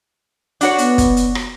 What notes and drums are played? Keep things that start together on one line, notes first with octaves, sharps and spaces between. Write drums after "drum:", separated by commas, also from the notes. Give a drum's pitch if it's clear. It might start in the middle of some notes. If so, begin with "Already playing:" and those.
D4 F#4 C#5, drum: hi-hat
B3, drum: hi-hat
drum: kick, hi-hat
drum: hi-hat
drum: rim click